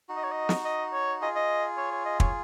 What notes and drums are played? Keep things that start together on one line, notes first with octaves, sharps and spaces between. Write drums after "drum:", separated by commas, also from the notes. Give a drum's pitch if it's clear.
D#4 F#4
D#5
C#5
D#5
drum: snare
D#5
C#5
F4 G#4 D#5
D#5
C#5
C#5
D#5
C#5, drum: kick